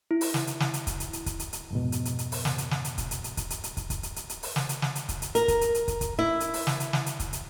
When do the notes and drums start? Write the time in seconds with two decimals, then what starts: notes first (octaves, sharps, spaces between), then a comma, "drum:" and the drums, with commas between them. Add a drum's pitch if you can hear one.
0.11 E4
0.21 drum: open hi-hat
0.34 drum: snare
0.47 drum: hi-hat
0.60 drum: snare
0.74 drum: hi-hat
0.87 drum: kick, hi-hat
1.00 drum: hi-hat
1.13 drum: hi-hat
1.26 drum: kick, hi-hat
1.39 drum: hi-hat
1.53 drum: hi-hat
1.71 F2 G#2 B2
1.92 drum: hi-hat
2.05 drum: hi-hat
2.19 drum: hi-hat
2.32 drum: open hi-hat
2.45 drum: snare
2.58 drum: hi-hat
2.71 drum: snare
2.84 drum: hi-hat
2.98 drum: kick, hi-hat
3.11 drum: hi-hat
3.24 drum: hi-hat
3.37 drum: kick, hi-hat
3.50 drum: hi-hat
3.64 drum: hi-hat
3.77 drum: kick, hi-hat
3.90 drum: kick, hi-hat
4.03 drum: hi-hat
4.16 drum: hi-hat
4.29 drum: hi-hat
4.43 drum: open hi-hat
4.56 drum: snare
4.69 drum: hi-hat
4.82 drum: snare
4.95 drum: hi-hat
5.09 drum: kick, hi-hat
5.22 drum: hi-hat
5.35 A#4, drum: hi-hat
5.48 drum: kick, hi-hat
5.61 drum: hi-hat
5.74 drum: hi-hat
5.88 drum: kick, hi-hat
6.01 drum: kick, hi-hat
6.19 E4
6.40 drum: hi-hat
6.54 drum: open hi-hat
6.67 drum: snare
6.80 drum: hi-hat
6.93 drum: snare
7.06 drum: hi-hat
7.20 drum: kick, hi-hat
7.33 drum: hi-hat